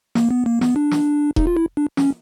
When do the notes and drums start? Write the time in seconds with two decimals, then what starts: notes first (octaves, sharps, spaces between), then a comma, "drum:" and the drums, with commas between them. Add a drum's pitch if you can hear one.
0.15 A#3, drum: snare
0.31 B3
0.46 A#3
0.61 B3, drum: snare
0.76 D4
0.91 drum: snare
1.36 D#4, drum: kick E1
1.47 F4
1.57 E4
1.77 D4
1.97 C#4, drum: snare